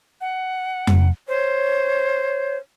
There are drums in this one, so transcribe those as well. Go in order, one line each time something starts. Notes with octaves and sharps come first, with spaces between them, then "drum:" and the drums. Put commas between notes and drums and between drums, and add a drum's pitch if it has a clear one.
F#5
drum: tom F2
C5 C#5